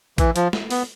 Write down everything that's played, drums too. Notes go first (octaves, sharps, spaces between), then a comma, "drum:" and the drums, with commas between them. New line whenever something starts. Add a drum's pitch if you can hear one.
E3, drum: kick A#1, hi-hat
F3, drum: hi-hat
drum: snare
B3, drum: open hi-hat